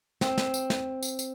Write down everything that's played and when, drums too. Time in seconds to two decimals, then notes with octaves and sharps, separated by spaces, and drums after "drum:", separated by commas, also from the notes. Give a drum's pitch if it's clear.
0.21 C4, drum: snare
0.38 drum: snare
0.54 drum: tambourine
0.70 drum: snare
1.03 drum: tambourine
1.19 drum: tambourine